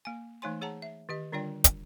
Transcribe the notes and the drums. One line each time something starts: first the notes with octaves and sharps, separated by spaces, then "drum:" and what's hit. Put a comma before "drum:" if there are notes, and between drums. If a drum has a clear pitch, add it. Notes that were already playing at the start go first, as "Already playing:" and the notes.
A#3 G#5
E3 A3 D#4 C#5 G#5 C6
G#4 C#5 F#5 A5 A#5
E5
D#3 G4 D#5
D3 G3 D4 F4 D5 G5
drum: kick, hi-hat